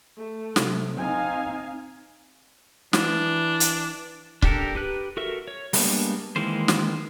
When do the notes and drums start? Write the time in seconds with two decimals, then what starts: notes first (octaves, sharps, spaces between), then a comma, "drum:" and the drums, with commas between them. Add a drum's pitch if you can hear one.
0.18 A3
0.56 C3 F#3, drum: snare
0.97 C4 D#4 F5 G#5
2.93 E3 D4, drum: snare
3.60 drum: hi-hat
4.42 D4 G4 A4 A#4, drum: kick C#1
4.75 G4 B4 F#6
5.17 F#4 A4 A#4 E5
5.48 C#5
5.73 G3 G#3 A#3 B3 D4, drum: open hi-hat
6.36 D#3 E3 G#3 A#3 C5
6.68 drum: snare